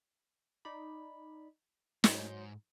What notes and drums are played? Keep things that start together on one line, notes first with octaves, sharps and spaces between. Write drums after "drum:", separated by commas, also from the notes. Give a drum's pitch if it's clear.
D#4 D5 B5
G#2 F#3 C6 G6, drum: snare